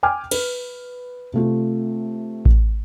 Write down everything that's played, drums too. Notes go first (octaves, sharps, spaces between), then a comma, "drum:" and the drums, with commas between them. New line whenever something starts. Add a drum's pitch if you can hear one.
G5 G#5 D6 F6
B4, drum: cymbal
C3 A3 F4
drum: kick A1